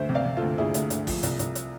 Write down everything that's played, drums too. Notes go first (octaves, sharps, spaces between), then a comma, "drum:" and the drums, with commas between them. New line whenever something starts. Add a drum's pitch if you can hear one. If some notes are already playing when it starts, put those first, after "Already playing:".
Already playing: D2 C5 E5
C3
D5 F5
C3
F4 A4
D2
D2 E4 G#4
D2, drum: hi-hat
D2, drum: hi-hat
F3, drum: kick, open hi-hat
C2, drum: hi-hat
C2, drum: hi-hat
drum: hi-hat